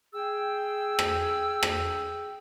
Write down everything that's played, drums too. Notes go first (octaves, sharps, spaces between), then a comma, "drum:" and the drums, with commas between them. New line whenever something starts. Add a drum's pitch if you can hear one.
G#4 G5 E6
drum: rim click
drum: rim click